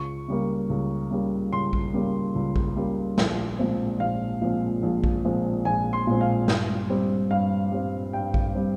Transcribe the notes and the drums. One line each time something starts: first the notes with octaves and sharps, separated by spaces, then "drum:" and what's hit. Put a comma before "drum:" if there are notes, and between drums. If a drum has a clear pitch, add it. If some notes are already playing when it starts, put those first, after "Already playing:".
Already playing: C#2 C#6
C#3 G3 A#3
C#2
C#3 G3 A#3
C#2 C6
drum: kick A#1
C#3 G3 A#3
C#2
drum: kick A#1
C#3 G3 A#3
A#1, drum: snare
A#2 F3 G#3 C4
A#1 F5
A#2 F3 G#3 C4
A#1
drum: kick A#1
A#2 F3 G#3 C4
A#1 G#5
C6
A#2 F3 G#3 C4
F5
G2, drum: snare
G3 C4
G2 F5
G3 C4
G2 G5
drum: kick A#1
G3 C4